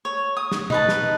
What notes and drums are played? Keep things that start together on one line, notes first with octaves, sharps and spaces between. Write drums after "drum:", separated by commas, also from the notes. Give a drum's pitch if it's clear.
C#5
D#6
drum: snare
D#4 B4 A5, drum: tom
drum: snare